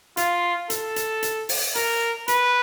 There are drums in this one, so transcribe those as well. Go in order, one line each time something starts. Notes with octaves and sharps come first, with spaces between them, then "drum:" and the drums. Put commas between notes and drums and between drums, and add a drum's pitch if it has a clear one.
F4, drum: hi-hat
A4, drum: hi-hat
drum: hi-hat
drum: hi-hat
drum: open hi-hat
A#4, drum: hi-hat
B4, drum: hi-hat